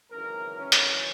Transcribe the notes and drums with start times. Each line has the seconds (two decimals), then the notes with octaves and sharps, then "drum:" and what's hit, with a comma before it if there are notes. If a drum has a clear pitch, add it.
0.11 G#1 F#2 C#3 E3 A#4
0.58 C#4
0.72 drum: hi-hat